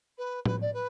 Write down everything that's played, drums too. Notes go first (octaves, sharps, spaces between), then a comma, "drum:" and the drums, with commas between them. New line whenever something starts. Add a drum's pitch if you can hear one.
B4
B4, drum: tom A2
D5
B4